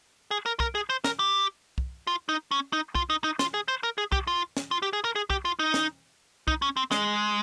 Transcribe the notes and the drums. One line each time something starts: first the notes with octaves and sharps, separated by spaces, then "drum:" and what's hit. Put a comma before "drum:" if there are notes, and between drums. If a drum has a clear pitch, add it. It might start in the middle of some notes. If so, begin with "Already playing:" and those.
G#4
A#4
A#4, drum: kick
G#4
C5
A#4, drum: snare
G4
drum: kick
F4
D#4
C#4
D#4
F4, drum: kick
D#4
D#4
F4, drum: snare
G#4
C5
A#4
G#4
G4, drum: kick
F4
drum: snare
F4
G4
G#4
A#4
G#4
G4, drum: kick
F4
D#4
drum: snare
D#4, drum: kick
C#4
C4
G#3, drum: snare